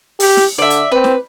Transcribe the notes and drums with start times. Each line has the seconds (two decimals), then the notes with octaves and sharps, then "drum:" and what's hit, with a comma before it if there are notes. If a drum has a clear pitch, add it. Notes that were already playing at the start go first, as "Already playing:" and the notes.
0.20 G4, drum: open hi-hat
0.37 drum: snare
0.58 D3 D5 E5
0.70 drum: hi-hat
0.92 C4 B4
1.04 drum: snare